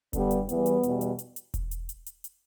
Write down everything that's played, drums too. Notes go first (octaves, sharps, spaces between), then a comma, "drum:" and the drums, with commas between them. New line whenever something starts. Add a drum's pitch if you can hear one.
G2 D3 G3 B3, drum: kick E1, hi-hat
drum: hi-hat
E2 E3 G3 B3, drum: hi-hat
drum: hi-hat
E2 B2 G3, drum: hi-hat
drum: hi-hat
drum: hi-hat
drum: hi-hat
drum: kick E1, hi-hat
drum: hi-hat
drum: hi-hat
drum: hi-hat
drum: hi-hat